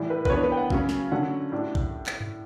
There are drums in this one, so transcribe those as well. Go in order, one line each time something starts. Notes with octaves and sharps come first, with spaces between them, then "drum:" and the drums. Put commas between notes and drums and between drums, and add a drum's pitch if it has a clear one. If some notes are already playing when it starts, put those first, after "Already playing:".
Already playing: A2 E3 G3
B4
B4, drum: kick A1
E3 B3 D4 C#5
B4
G5
F#5
C#3 F#3 C#4, drum: kick A1
drum: snare
D3 F#3 C#4 F#5
A2 G3 D4
drum: kick A1
drum: clap
drum: tom G2